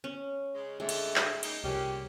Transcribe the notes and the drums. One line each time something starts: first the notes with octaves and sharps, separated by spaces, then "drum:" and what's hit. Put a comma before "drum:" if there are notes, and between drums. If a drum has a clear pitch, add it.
C#4
C#3 G#3
F2 D3 G#3 A3
drum: cymbal
drum: clap
C#3 A#3 D#4, drum: cymbal
C2 A#2 F3 C#4 G4